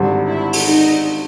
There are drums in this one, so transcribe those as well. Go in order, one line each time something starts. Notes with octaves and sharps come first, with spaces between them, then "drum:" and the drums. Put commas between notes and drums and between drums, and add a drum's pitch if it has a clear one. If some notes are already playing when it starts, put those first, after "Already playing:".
Already playing: G#1 G2 D3
E4
drum: open hi-hat
D#4